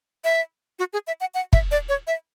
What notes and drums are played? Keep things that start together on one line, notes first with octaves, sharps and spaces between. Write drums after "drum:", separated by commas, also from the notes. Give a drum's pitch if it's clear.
E5
F#4
G#4
E5
F#5
F#5
E5, drum: kick
D5
C#5
E5